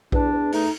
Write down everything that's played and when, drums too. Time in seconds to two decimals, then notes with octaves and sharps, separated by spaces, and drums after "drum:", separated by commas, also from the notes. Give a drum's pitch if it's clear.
0.12 E2 D4, drum: kick A#1
0.33 E2
0.52 A3 D#4, drum: open hi-hat